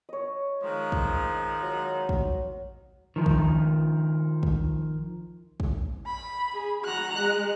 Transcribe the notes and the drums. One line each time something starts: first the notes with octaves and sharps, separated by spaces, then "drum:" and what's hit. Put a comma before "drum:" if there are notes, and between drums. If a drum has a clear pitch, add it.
C#5 D#5
D#3 F3 G#3
drum: kick
F#3
drum: kick
D#3 F3
drum: kick
drum: kick
drum: kick
B5
G#4
F#4 A#5 F#6
G#3